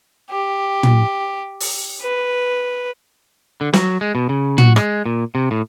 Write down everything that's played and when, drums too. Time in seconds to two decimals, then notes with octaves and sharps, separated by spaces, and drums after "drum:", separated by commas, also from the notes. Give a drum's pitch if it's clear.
0.30 G4
0.83 drum: tom
1.60 drum: open hi-hat
2.02 B4
3.61 D3
3.73 F#3, drum: snare
4.01 G#3
4.15 B2
4.29 C#3
4.58 F#4, drum: tom
4.76 G#3, drum: rim click
5.06 A#2
5.35 C3
5.51 A2